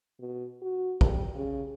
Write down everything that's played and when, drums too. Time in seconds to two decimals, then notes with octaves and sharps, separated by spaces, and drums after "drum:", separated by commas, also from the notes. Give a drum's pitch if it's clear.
0.20 B2
0.62 F#4
1.01 G3, drum: kick
1.35 C#3